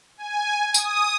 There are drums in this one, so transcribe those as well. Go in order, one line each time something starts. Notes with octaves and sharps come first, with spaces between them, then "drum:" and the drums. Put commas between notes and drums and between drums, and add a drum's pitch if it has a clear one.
G#5
D#6, drum: tambourine